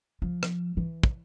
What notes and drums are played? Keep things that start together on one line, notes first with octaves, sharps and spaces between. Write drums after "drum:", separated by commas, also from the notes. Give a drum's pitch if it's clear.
F3
drum: rim click
E3
drum: kick